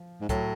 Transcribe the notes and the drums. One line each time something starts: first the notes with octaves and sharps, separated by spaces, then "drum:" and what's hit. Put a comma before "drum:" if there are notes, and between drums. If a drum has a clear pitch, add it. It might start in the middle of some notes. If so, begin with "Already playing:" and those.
Already playing: F3
G#2
A2 F#3, drum: kick C2, hi-hat